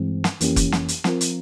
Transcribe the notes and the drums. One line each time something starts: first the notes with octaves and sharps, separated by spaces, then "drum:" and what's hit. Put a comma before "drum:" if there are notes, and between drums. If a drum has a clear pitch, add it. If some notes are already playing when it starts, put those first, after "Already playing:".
Already playing: G2 E3 G#3 C4
drum: snare
F2 E3 A#3 C#4 G4, drum: hi-hat
drum: kick F1, hi-hat
drum: snare
drum: hi-hat
F3 C4 F4 A#4, drum: snare
drum: hi-hat